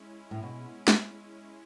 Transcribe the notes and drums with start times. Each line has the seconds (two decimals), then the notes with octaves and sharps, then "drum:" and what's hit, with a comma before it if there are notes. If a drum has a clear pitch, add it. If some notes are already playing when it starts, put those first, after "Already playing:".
Already playing: G#3 C#4 E4
0.31 A2
0.43 B2
0.88 drum: snare